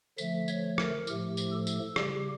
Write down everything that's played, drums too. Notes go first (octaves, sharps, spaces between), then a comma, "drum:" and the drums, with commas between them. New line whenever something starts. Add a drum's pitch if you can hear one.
D3 F3 A3 E5, drum: tambourine
C#5, drum: tambourine
A#4, drum: rim click
A2 F3 A3 G4, drum: tambourine
drum: tambourine
A4
drum: tambourine
C#3 G3 G4, drum: rim click